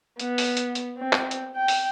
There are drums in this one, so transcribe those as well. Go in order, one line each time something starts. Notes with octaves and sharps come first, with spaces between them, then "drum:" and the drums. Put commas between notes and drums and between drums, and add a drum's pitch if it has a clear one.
B3, drum: hi-hat
drum: open hi-hat
drum: hi-hat
drum: hi-hat
C4
drum: clap
drum: hi-hat
G5
drum: open hi-hat